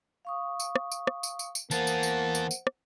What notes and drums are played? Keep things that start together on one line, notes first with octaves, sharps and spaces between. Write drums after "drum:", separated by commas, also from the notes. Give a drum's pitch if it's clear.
F5 C#6 D#6
drum: tambourine
drum: rim click
drum: tambourine
drum: rim click
drum: tambourine
drum: tambourine
drum: tambourine
E3 A#3 B3 C5 F#5 A5, drum: tambourine
drum: tambourine
drum: tambourine
drum: tambourine
drum: tambourine
drum: rim click